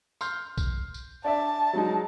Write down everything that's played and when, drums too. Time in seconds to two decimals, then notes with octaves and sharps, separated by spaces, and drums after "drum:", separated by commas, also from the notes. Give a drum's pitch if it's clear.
0.21 C6 F6 G6, drum: tambourine
0.58 drum: kick B1, tambourine
0.94 drum: tambourine
1.25 D4 D5 E5 A5
1.73 F#3 G#3 D#4